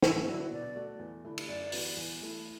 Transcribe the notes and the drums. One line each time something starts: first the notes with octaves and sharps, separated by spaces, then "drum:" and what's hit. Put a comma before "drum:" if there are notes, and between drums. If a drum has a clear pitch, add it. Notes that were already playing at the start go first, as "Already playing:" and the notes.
E2 E4, drum: snare
D3 F#3 D4 E4 F#4
B2 D5
A3 F#4
E2
D3 A3 E4
drum: cymbal
F#2 D5
E3 B3 F#4, drum: open hi-hat
E2
E3 A3 E4